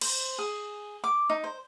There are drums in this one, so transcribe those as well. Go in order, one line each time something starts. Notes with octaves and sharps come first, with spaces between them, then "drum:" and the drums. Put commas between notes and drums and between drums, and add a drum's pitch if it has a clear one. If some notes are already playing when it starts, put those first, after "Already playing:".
C5, drum: cymbal
G#4
D6
D#4
C5